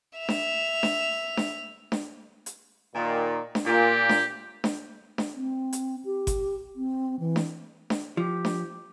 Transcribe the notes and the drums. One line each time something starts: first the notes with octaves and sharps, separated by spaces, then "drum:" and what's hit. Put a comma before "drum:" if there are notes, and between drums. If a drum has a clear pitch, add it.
E5 F7
drum: snare D4
drum: snare D4
drum: snare D4
drum: snare D4
drum: hi-hat
A#2 D#3
drum: snare D4
A#2 G4
drum: snare D4
drum: snare D4
drum: snare D4
C4
drum: hi-hat
G4
drum: kick G1, hi-hat
C4
E3
drum: snare D4
drum: snare D4
F3 G4
drum: snare D4